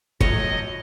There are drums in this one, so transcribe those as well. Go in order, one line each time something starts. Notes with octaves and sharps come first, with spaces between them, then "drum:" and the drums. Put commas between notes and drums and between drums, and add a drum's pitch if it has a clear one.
B1 D#3 F3 F#3 A3 C#5 D#5 D#7, drum: kick